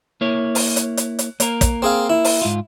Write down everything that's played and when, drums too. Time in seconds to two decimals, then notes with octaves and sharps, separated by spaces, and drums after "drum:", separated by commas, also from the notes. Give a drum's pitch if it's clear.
0.21 A#3 E4 C#5
0.55 drum: open hi-hat
0.76 drum: hi-hat
0.97 drum: hi-hat
1.19 drum: hi-hat
1.40 A#3 A#4, drum: hi-hat
1.61 drum: kick, hi-hat
1.82 C4 G#4 F5
2.10 E4
2.25 drum: open hi-hat
2.42 G#2 F4